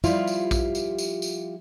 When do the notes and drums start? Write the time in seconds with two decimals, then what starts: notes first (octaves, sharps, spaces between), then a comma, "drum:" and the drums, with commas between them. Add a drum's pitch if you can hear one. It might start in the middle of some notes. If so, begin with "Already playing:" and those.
0.04 F3 G3 E4 F4 G4 F5, drum: tambourine
0.27 drum: tambourine
0.51 drum: kick A#1, tambourine
0.75 drum: tambourine
0.98 drum: tambourine
1.22 drum: tambourine